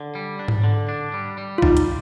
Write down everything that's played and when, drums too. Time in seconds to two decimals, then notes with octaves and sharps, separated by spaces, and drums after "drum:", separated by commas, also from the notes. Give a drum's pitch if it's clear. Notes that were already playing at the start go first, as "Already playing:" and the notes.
Already playing: D3
0.15 G3
0.39 D4
0.48 drum: tom G#2
0.64 D3
0.89 D4
1.14 G3
1.38 G3
1.58 F4
1.62 G3 D#4, drum: kick A#1
1.77 drum: hi-hat